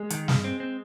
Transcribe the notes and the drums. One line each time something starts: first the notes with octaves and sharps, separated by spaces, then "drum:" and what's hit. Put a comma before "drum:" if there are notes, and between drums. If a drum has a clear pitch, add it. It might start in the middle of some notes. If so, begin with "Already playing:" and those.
Already playing: G#3
D#3, drum: hi-hat
G2, drum: snare
C4
C4